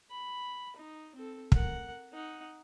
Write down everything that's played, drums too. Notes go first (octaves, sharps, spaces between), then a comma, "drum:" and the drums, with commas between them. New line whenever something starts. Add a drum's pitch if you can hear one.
B5
D#4
C4 A4
A#4 F#5, drum: kick
D#4 F#5